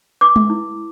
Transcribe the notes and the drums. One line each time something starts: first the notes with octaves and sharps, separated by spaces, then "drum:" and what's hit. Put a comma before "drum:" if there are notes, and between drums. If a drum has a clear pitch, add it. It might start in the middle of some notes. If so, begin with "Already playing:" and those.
B4 D6
drum: tom G#3
E4